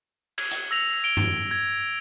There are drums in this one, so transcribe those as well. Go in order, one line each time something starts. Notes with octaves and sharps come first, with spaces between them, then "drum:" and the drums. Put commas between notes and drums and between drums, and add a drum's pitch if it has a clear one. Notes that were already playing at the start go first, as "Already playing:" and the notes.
G#6, drum: cymbal
drum: hi-hat
E6 A#6 F7
D7 G7
drum: tom G2
G#6